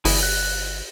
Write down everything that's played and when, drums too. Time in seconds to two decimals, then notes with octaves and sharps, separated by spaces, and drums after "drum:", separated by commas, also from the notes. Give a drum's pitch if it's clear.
0.05 G1 E3 E4 G#4, drum: open hi-hat
0.23 F#6